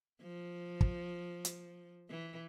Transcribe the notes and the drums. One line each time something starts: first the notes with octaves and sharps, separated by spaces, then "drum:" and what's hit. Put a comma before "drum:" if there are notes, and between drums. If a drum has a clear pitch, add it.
F3
drum: kick
drum: hi-hat
E3